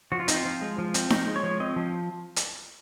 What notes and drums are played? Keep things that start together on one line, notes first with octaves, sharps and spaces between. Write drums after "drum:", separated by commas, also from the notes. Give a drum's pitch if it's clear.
F3 F#4
F4
C4 D#4, drum: hi-hat
F4
F3
G#3
F3
C4, drum: hi-hat
F3 D#4, drum: snare D#4
G#3
C#5
F3
C4 D#5
F3
drum: hi-hat